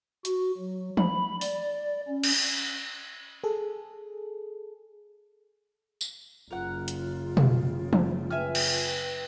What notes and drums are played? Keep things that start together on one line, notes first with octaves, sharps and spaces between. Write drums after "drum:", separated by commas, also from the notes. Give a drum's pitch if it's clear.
F#4, drum: hi-hat
F#3
B5, drum: tom E3
D5, drum: open hi-hat
C#4
drum: cymbal
G#4 A4
drum: tambourine
F#1 C#3 F4 A#4 F#5
drum: hi-hat
drum: tom B2
drum: tom E3
B4 E5 G5 G#5 F6
drum: cymbal